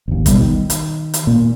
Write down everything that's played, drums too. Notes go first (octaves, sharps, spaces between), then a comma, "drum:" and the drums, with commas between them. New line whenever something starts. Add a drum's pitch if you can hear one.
G#1 D#2
B2 G3, drum: kick, hi-hat
D#3
drum: hi-hat
drum: hi-hat
A#2